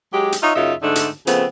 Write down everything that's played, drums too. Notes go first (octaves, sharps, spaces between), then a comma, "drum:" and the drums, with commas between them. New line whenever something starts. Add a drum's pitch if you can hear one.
F#3 G#3 G4
drum: hi-hat
D#4 F4 C#5 D#5 E5
F#2 C#3 D#4 F4 E5
G#2 D3 A3 D4 D#4
drum: hi-hat
C#3 F3 A3 B3 C4, drum: hi-hat